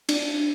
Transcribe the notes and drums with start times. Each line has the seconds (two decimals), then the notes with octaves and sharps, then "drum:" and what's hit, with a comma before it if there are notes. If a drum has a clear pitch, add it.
0.09 D4, drum: cymbal